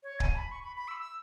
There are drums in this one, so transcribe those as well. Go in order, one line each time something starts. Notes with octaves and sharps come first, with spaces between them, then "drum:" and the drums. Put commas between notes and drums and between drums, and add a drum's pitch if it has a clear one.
C#5
G#5, drum: kick C#1
B5
C#6
B5
B5
E6
E6